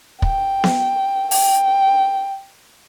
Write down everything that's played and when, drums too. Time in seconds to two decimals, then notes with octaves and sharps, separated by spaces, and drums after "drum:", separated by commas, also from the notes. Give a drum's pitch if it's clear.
0.22 G5, drum: kick
0.64 drum: snare B3
1.31 G5, drum: open hi-hat